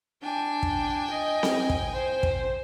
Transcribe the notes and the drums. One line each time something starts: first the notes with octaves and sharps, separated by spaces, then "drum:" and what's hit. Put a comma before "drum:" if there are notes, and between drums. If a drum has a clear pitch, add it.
D4 G5 G#5
drum: kick
D#5
drum: snare C4
drum: kick
C5
drum: kick